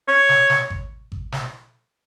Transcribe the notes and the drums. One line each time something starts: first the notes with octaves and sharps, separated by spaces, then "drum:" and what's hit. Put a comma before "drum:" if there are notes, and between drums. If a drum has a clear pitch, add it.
C#5
drum: snare
drum: snare
drum: kick G#1
drum: kick G#1
drum: snare